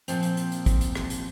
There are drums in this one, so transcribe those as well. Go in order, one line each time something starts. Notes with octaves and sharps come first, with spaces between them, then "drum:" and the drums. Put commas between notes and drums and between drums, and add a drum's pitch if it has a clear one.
A#2 F3 C4, drum: hi-hat
drum: hi-hat
drum: hi-hat
drum: hi-hat
drum: kick, hi-hat
drum: hi-hat
drum: rim click
drum: hi-hat